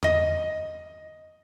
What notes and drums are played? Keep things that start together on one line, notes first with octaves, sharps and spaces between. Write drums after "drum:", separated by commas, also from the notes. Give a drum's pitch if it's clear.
D#5 D#6, drum: tom E2